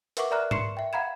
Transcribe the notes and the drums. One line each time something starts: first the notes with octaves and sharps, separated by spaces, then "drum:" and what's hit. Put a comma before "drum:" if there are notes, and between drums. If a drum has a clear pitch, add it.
A#4 B4 E5 F#5 C#6 D6, drum: hi-hat
A#4 D5 E5 A#5 F6 F#6
C6 C#6 C7 C#7 E7, drum: tom
E5 G5
F5 F#5 A#5 B5 G#6 E7